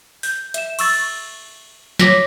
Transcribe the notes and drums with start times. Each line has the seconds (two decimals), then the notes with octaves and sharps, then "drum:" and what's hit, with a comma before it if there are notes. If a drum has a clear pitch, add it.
0.23 G6, drum: open hi-hat
0.54 E5 E7, drum: hi-hat
0.79 C#6 E6 A6, drum: cymbal
1.99 C#5 D6 A#6 B6, drum: snare